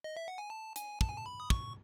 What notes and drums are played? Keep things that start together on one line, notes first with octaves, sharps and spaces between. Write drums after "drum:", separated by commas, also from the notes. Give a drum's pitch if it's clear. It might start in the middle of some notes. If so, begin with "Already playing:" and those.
D#5
E5
F#5
G#5
A5
G#5, drum: hi-hat
A5, drum: kick
G#5
A5
B5
D#6
C#6, drum: kick